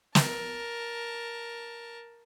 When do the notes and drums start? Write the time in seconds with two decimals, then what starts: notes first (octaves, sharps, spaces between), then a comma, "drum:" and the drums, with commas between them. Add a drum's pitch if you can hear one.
0.15 A#4 A5, drum: snare